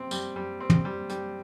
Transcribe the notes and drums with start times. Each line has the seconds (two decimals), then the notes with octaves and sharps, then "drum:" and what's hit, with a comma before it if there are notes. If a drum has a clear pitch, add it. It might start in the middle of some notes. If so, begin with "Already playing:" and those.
Already playing: C3 C4
0.11 G3, drum: tambourine
0.36 G3
0.60 C4
0.70 drum: tom
0.85 G3
1.10 G3, drum: hi-hat